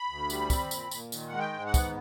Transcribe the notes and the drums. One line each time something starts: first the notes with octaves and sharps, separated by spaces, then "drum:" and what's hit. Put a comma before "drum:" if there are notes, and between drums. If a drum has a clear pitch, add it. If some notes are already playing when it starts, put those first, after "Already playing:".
Already playing: B5
D2
G3, drum: tambourine
C4, drum: kick, tambourine
A#2, drum: tambourine
A#2, drum: tambourine
D#3, drum: tambourine
G#3 F#5
G5
G#2
F#5
B3, drum: kick, tambourine